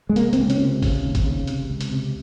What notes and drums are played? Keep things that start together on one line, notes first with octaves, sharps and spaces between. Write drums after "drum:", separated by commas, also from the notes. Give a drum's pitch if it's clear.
G#3
C3 A#3, drum: hi-hat
C4, drum: hi-hat
C#2
C#4, drum: hi-hat
C3
C#3, drum: kick, open hi-hat
D#2
drum: kick, hi-hat
C#3
C3, drum: hi-hat
C#2
drum: hi-hat
C3